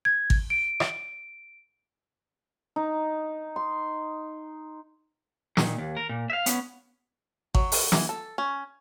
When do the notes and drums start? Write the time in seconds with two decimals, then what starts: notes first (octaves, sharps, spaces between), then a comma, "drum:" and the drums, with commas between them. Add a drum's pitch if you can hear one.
0.05 G#6
0.30 drum: kick G#1
0.50 D7
0.80 drum: rim click
2.76 D#4
3.56 C6
5.57 A#2 D#3, drum: snare
5.78 D#2
5.97 A#4
6.09 A#2
6.30 E5 F5
6.46 B3 C#4, drum: hi-hat
7.55 F#3, drum: kick G#1
7.72 drum: open hi-hat
7.92 E3, drum: snare
8.09 A4
8.38 C#4